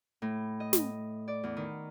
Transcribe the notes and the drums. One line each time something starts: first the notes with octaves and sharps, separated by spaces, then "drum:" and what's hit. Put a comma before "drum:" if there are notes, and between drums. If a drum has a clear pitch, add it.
A2
D#5
drum: snare
D5
E2
D#3